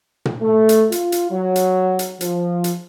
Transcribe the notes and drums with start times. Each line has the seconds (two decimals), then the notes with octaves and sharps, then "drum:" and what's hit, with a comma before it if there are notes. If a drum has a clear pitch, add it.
0.25 drum: tom A#2
0.42 A3
0.69 drum: hi-hat
0.92 F4, drum: hi-hat
1.12 drum: hi-hat
1.31 F#3
1.56 drum: hi-hat
1.99 drum: hi-hat
2.21 F3, drum: hi-hat
2.64 drum: hi-hat